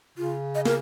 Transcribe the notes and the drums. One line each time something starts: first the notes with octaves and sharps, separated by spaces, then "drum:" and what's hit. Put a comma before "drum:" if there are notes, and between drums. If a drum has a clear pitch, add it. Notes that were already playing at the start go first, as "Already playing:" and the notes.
C#3 F4
D#5
A#4, drum: snare